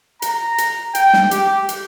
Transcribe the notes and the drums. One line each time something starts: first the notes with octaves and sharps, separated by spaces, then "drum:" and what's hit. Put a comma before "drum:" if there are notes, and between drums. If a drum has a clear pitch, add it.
A#5, drum: hi-hat
drum: hi-hat
G5, drum: hi-hat
drum: snare
G4, drum: hi-hat
drum: hi-hat